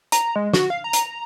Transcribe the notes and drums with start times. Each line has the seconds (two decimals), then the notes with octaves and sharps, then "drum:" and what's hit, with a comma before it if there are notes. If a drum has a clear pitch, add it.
0.12 A#5, drum: hi-hat
0.36 G#3
0.53 F#4, drum: snare
0.70 F5
0.84 A#5
0.93 drum: hi-hat